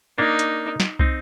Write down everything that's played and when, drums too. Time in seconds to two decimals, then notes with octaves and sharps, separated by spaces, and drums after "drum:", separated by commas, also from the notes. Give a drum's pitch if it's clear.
0.18 A#3 D4 D#4
0.39 drum: hi-hat
0.80 drum: snare
0.99 C4 D#4, drum: kick